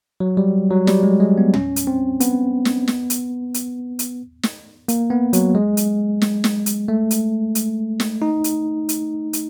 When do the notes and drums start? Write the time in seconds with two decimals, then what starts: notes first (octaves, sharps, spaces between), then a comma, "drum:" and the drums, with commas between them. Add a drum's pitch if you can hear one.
0.20 F#3
0.37 G3
0.71 F#3
0.87 G3, drum: snare
1.03 G#3
1.20 G#3
1.38 B3
1.54 C#4, drum: tom
1.76 drum: hi-hat
1.87 C4
2.20 B3, drum: hi-hat
2.65 drum: snare
2.88 drum: snare
3.10 drum: hi-hat
3.54 drum: hi-hat
3.99 drum: hi-hat
4.43 drum: snare
4.88 A#3, drum: hi-hat
5.10 B3
5.33 F#3, drum: hi-hat
5.55 G#3
5.77 drum: hi-hat
6.22 drum: snare
6.44 drum: snare
6.66 drum: hi-hat
6.88 A3
7.11 drum: hi-hat
7.55 drum: hi-hat
8.00 drum: snare
8.22 D#4
8.44 drum: hi-hat
8.89 drum: hi-hat
9.33 drum: hi-hat